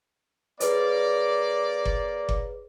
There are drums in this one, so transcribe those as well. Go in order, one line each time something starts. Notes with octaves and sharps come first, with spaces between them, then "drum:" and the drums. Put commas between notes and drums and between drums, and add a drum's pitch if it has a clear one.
A#3 G#4 B4 C#5 D5, drum: hi-hat
drum: kick F#1
drum: kick F#1